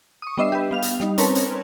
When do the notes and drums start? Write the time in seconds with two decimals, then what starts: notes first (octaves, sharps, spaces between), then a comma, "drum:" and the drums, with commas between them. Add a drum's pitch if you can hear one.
0.22 C#6 D#6
0.37 G3 B3 D4 D#5 E5 C7
0.52 G4 B4
0.71 B3 F5 F7
0.82 drum: hi-hat
1.00 G3 D#4, drum: snare
1.18 C4 C#4 A#4 B4 C#5 A5, drum: hi-hat
1.35 drum: hi-hat